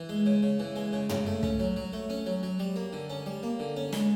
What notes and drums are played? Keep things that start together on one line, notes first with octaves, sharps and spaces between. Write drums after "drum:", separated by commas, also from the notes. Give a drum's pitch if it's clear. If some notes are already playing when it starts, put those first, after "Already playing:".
Already playing: E3
G#3
C#3
C#3
E3
G#3
C#3
C#3, drum: tom
A3
C#4, drum: kick
F#3
F#3
A3
C#4
F#3
F#3
G3
A#3
D3
C#4
G3
A#3
D3
C#4
G#3, drum: snare